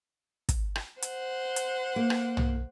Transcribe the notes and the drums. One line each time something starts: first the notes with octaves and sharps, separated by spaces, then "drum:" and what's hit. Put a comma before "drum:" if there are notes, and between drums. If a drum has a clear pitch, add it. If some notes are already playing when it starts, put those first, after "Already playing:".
drum: kick, hi-hat
drum: rim click
C5 F#5, drum: hi-hat
drum: hi-hat
A#3
drum: rim click
drum: tom